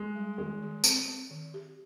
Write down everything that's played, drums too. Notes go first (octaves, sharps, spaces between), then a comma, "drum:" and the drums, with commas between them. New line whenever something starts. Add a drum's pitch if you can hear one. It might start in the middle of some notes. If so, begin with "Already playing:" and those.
Already playing: G#3
G3
D#3 G#3
D#3
C4, drum: tambourine
C4
D#3
G4